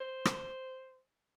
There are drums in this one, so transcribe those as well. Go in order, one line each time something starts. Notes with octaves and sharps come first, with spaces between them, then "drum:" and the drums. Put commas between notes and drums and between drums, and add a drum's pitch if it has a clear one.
C5
drum: rim click